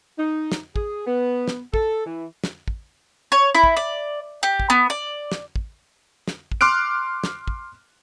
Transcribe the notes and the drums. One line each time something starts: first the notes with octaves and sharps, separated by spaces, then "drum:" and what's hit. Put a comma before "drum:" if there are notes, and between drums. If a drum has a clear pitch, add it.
D#4
drum: snare
G#4, drum: kick
B3
drum: snare
A4, drum: kick
E3
drum: snare
drum: kick
C#5
E4
drum: kick
D5
G4
drum: kick
B3
D5
drum: snare
drum: kick
drum: snare
drum: kick
C6 D6 F6 F#6 D7
drum: snare
drum: kick